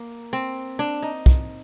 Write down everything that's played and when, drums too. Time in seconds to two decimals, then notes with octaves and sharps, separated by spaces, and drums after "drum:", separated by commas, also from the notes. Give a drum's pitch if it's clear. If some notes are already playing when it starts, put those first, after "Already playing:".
Already playing: A#3
0.33 C4
0.79 D4
1.02 D#4
1.26 drum: kick